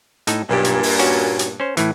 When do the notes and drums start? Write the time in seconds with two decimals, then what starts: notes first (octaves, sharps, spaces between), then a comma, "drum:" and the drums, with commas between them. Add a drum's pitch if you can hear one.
0.27 A2 D#4 A4, drum: hi-hat
0.49 B1 G2 A#2 G4
0.64 drum: hi-hat
0.83 drum: open hi-hat
0.99 C#4 F#4, drum: hi-hat
1.39 drum: hi-hat
1.60 C#4 C5
1.77 A2 E3, drum: hi-hat